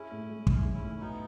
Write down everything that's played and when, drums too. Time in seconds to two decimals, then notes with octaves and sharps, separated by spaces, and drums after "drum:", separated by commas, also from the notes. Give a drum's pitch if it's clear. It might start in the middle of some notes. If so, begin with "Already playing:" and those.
Already playing: C#4 E4 G#4
0.11 A2
0.29 G#3
0.47 D#4, drum: kick
0.65 G#4
0.74 C#4 E4
0.82 A2
0.93 C#4
1.01 B3 D#4 F#4